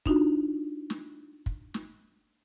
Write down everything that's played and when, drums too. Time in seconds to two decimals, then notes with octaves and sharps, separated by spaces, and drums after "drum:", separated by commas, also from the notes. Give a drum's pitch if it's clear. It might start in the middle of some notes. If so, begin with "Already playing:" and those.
0.06 D4 D#4 F4 F#4, drum: kick
0.90 drum: snare
1.46 drum: kick
1.74 drum: snare